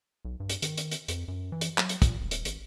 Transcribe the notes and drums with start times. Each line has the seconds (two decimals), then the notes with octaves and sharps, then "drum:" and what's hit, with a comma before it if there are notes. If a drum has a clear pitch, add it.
0.25 B1
0.40 G2
0.50 drum: hi-hat
0.62 D#3, drum: hi-hat
0.77 drum: hi-hat
0.91 drum: hi-hat
1.08 F2, drum: hi-hat
1.28 F#2
1.52 E3
1.61 drum: hi-hat
1.78 F#3, drum: clap
1.89 drum: hi-hat
2.02 A#2, drum: kick, hi-hat
2.21 D#1
2.31 drum: hi-hat
2.45 G#1, drum: hi-hat